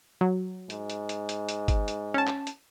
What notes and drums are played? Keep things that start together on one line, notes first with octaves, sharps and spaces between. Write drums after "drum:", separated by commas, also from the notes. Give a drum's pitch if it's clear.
F#3
G#2, drum: hi-hat
drum: hi-hat
drum: hi-hat
drum: hi-hat
drum: hi-hat
drum: kick G1, hi-hat
drum: hi-hat
C#4 A5
drum: clap
drum: hi-hat